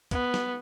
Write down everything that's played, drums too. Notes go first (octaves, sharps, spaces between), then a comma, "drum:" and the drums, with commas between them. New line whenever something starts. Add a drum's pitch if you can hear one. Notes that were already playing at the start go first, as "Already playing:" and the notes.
B3, drum: kick, hi-hat
drum: snare